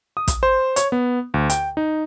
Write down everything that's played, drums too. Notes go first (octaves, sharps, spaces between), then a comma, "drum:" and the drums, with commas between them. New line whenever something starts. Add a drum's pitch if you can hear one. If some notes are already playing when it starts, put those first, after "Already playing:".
D#6
drum: kick, hi-hat
C5
C#5, drum: hi-hat
B3
D2
G5, drum: hi-hat
D#4